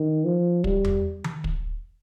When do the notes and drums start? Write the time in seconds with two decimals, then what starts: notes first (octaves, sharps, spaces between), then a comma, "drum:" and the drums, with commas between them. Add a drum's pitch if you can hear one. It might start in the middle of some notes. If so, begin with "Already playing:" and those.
Already playing: D#3
0.25 F3
0.64 G3, drum: kick
0.85 drum: tom E2
1.24 drum: tom D#3
1.44 drum: kick